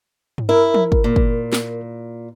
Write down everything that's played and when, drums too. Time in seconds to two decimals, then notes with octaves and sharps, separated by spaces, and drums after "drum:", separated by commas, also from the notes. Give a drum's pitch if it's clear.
0.38 drum: tom
0.49 E4 A#4
0.74 drum: tom
0.92 drum: kick
1.04 A#2
1.16 drum: kick
1.53 drum: snare